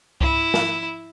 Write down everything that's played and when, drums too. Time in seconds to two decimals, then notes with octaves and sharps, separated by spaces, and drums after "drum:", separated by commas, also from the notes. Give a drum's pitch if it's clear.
0.21 E4, drum: kick C2
0.54 drum: snare